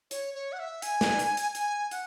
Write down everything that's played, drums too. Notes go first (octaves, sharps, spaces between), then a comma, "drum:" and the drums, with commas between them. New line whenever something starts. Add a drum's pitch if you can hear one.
C#5, drum: hi-hat
C#5
F#5
E5
G#5, drum: hi-hat
drum: snare
drum: hi-hat
drum: hi-hat
G#5, drum: hi-hat
F#5, drum: hi-hat